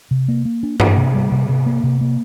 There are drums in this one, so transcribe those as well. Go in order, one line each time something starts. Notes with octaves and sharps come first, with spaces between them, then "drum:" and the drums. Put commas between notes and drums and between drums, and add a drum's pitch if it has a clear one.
C3
A#3
A#3
D4
D4, drum: tom G2
C3
G3
C3
C3
A#3
C3
A#3